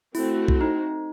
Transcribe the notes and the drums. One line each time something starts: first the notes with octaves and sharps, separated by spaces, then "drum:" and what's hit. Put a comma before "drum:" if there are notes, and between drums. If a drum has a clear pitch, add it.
A3 C4 E4 F#4, drum: open hi-hat
drum: kick
D#4